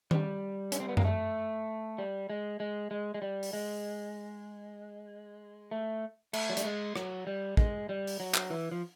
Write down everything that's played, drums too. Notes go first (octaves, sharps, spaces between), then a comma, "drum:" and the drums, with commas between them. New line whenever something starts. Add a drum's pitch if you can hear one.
G3, drum: tom D#3
C#4, drum: hi-hat
C4
B3
A#3, drum: tom F#2
A3
G3
G#3
G#3
G#3
G#3
G3
drum: open hi-hat
G#3
A3
A3, drum: cymbal
F#3
G3, drum: hi-hat
G#3
F#3, drum: rim click
G3
G#3, drum: kick
G3
drum: open hi-hat
F#3
drum: clap
E3
F3